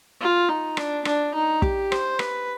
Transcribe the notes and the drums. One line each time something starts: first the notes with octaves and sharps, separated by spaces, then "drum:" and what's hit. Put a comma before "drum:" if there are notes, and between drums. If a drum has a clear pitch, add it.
F4
D#4
D4, drum: rim click
D4, drum: rim click
D#4
G4, drum: kick
C5, drum: rim click
B4, drum: rim click